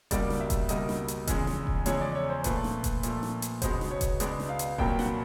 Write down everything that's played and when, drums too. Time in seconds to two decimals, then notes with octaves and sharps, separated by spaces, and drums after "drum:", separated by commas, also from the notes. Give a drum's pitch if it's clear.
0.11 C#2 B2 G3 A#3 D5, drum: kick E1, hi-hat
0.30 drum: snare
0.41 E5
0.50 drum: kick E1, hi-hat
0.69 C#2 B2 G3 A#3 D#5, drum: hi-hat
0.89 drum: snare
1.08 drum: hi-hat
1.27 E2 C#3 F3 G#3, drum: kick E1, hi-hat
1.47 drum: snare
1.67 drum: kick E1
1.86 E2 C#3 F3 G#3 C#5, drum: hi-hat
2.01 D5
2.15 C#5
2.30 C5
2.44 A#2 F3 A3 B4, drum: kick E1, hi-hat
2.64 drum: snare
2.84 drum: kick E1, hi-hat
3.03 A#2 F3 A3, drum: hi-hat
3.23 drum: snare
3.42 drum: hi-hat
3.62 C#2 B2 G#3 B3 C5, drum: kick E1, hi-hat
3.81 drum: snare
3.91 C#5
4.01 drum: kick E1, hi-hat
4.20 C#2 B2 G#3 B3 D5, drum: hi-hat
4.40 drum: snare
4.49 F5
4.59 drum: hi-hat
4.78 C2 A#2 F#3 A#3 G5, drum: kick E1
4.99 F#5, drum: snare